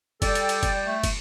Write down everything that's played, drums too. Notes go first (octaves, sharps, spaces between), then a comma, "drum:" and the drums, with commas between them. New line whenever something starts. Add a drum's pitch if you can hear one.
G3 A4 D5 G5, drum: kick, cymbal
drum: cymbal
drum: cymbal
drum: kick, cymbal
A3
drum: kick, cymbal